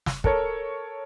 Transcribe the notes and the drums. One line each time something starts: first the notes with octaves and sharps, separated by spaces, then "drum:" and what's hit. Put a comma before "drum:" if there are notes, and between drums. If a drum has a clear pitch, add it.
drum: snare
A4 A#4 C#5, drum: kick